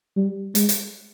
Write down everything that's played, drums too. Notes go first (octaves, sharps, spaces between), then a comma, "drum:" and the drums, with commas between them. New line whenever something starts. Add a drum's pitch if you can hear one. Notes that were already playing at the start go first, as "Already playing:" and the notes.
G3
G#3, drum: hi-hat
drum: hi-hat